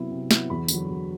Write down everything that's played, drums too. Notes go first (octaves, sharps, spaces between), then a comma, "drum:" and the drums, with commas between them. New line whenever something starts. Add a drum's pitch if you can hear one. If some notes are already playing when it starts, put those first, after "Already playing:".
Already playing: C3 F#3 B3 E4
C3
F#3 B3 E4, drum: snare
E2 B5
D3, drum: tambourine
F#3
E2